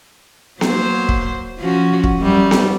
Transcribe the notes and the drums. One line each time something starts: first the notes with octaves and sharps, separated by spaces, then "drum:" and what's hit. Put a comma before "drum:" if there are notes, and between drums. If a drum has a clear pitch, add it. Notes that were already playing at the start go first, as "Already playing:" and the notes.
F#3 A#3 C5, drum: snare B3
drum: kick
F3 C#4 F#4
drum: kick
F#2 G3
drum: snare B3